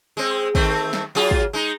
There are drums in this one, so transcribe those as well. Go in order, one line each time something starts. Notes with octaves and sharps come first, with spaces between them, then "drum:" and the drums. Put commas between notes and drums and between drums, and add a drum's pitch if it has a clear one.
G#3 C4
D#3 A3 C4, drum: kick
drum: snare
F#3 F4 G#4
drum: kick
G#3 D#4